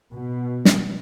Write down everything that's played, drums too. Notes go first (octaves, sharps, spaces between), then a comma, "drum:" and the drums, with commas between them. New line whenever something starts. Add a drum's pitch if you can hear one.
B2
drum: snare